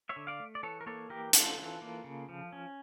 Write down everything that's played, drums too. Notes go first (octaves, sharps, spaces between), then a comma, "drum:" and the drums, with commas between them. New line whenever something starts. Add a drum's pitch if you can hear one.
C#5 E5
D3
D5 F5
A3
D5
E3 A4 C#5
A#4
A#3 A4 C#5
E3 G4 A#4
C#4 F4 A4, drum: hi-hat
E3
A#3
C#3
F3
C#4